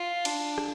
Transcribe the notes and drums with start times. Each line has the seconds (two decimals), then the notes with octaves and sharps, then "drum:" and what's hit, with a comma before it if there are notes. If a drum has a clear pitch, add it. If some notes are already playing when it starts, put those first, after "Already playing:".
Already playing: F4
0.25 D4, drum: cymbal
0.58 drum: rim click